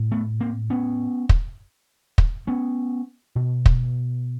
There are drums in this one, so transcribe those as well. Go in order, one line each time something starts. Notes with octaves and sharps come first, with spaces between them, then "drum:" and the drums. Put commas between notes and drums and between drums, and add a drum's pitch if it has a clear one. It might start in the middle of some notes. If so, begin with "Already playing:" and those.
Already playing: A2
A3 B3
A#3 C4
B3 C#4
drum: kick
drum: kick
B3 C#4
B2
drum: kick